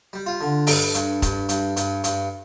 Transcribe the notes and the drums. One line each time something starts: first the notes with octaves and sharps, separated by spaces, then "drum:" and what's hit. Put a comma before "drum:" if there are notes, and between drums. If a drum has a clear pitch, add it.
G3
F4
D3
G2 A4, drum: open hi-hat
G2, drum: hi-hat
G2, drum: kick, hi-hat
G2, drum: hi-hat
G2, drum: hi-hat
G2, drum: hi-hat